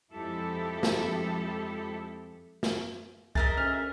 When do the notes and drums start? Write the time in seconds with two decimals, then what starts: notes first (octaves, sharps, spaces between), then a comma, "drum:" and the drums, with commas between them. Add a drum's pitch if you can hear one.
0.12 F2 F3 G#3 E4 G4 A4
0.83 drum: snare
2.63 drum: snare
3.35 G#4 A#4 D#5 E5 A6, drum: kick C2
3.58 D2 C#4 F6